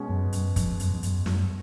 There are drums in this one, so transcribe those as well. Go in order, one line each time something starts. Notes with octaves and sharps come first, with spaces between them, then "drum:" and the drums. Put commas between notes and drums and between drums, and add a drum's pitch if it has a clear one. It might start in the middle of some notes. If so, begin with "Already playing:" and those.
Already playing: B2 G#3 C#4
F#2
F#2, drum: hi-hat
F2, drum: kick, hi-hat
F#2, drum: hi-hat
F2
F#2, drum: hi-hat
F#2, drum: snare